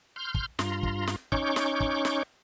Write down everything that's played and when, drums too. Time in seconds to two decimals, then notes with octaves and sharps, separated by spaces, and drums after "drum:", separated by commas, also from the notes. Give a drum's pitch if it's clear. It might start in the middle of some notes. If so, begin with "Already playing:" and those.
0.16 C6 F6 G6
0.34 drum: kick
0.59 G2 F4 A#5 C6, drum: snare
0.83 drum: kick
1.07 drum: snare
1.32 C#4 D#4 C#5 C#6 D6 G6, drum: kick
1.56 drum: snare
1.80 drum: kick
2.05 drum: snare